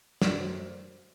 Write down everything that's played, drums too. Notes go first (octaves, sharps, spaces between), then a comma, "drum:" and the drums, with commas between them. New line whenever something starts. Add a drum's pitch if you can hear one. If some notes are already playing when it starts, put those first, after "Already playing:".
F#2 F#3 A3 D5, drum: snare
C5